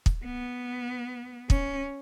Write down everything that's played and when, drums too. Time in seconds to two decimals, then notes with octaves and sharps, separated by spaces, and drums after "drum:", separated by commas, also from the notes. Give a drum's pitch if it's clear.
0.06 drum: kick
0.25 B3
1.50 C#4, drum: kick